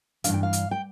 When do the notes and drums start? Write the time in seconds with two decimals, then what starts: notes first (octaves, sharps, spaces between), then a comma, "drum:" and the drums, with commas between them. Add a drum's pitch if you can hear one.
0.24 G2 E3 A3 D4 F5, drum: hi-hat
0.34 G5
0.43 F5
0.53 drum: hi-hat
0.71 G5